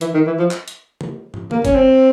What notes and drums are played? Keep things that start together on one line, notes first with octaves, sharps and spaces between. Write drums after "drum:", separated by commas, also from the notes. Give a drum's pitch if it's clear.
E3, drum: hi-hat
D#3
E3
F3
drum: clap
drum: hi-hat
drum: tom
drum: tom
A#3, drum: tom
C#4, drum: kick, hi-hat
C4